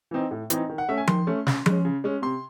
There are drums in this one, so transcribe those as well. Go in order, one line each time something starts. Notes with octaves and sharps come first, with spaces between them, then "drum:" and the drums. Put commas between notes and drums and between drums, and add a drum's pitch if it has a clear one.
E3 C4 D#4
A2
E3 C4 D#4, drum: hi-hat
D#3
F#5
A3 C#4 E5
G#5
D#3 C6, drum: tom F3
A3 C#4
C#3, drum: snare
G#3 C#4, drum: tom F3
C#3
G#3 C#4
C3 C6